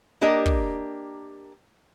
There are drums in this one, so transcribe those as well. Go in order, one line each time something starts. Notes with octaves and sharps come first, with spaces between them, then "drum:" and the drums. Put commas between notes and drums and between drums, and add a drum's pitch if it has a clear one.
A#3 D4 G4 A#4 D#5
drum: kick